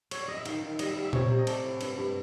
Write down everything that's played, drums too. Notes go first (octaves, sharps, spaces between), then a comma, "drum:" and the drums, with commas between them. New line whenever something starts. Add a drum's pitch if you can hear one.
C#5, drum: cymbal
D5
D#5
E5
D#3 F5, drum: cymbal
D#3
E5
G3 D#5, drum: cymbal
E5
G3 F5
E5
C3 C#5, drum: tom A#2
C3
D#5
A3 D5, drum: cymbal
A2
G2, drum: cymbal
G2